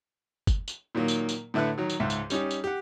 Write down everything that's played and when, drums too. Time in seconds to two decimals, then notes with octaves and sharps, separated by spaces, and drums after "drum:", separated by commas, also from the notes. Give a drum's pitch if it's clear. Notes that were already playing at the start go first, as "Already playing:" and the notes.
0.47 drum: kick F#1, tambourine
0.68 drum: tambourine
0.95 A#2 D#3 F#3 A#3
1.08 drum: tambourine
1.29 drum: tambourine
1.54 A2 D3 A3 E4 B4 F#6
1.78 D#3 F#3
1.90 drum: tambourine
2.00 C#2 G#2 E5
2.10 drum: tambourine
2.30 G3 C#4 D#4 G4, drum: tambourine
2.51 drum: tambourine
2.64 G4 F#5